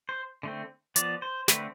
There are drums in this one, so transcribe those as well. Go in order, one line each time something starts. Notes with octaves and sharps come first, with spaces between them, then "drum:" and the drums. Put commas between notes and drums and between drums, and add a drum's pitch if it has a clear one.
C5
D3 A3 C4
F3 B3 D5, drum: hi-hat
C5
D3 A3 C4 B4, drum: snare